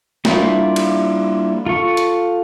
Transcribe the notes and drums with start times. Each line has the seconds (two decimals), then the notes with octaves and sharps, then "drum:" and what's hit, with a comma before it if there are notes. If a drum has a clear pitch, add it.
0.25 G3 A#3 D4 E4 F4, drum: snare
0.76 drum: cymbal
1.66 F4 A4 C#6
1.97 drum: hi-hat